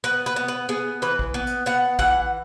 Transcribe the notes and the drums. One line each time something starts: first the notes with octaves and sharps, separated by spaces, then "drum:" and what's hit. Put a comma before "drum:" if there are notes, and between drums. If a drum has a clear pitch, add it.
B3 B4
B4
B3
B4
B3 G#4
E3 B4
drum: kick
B3
drum: hi-hat
B3 F#5
E3 F#5, drum: kick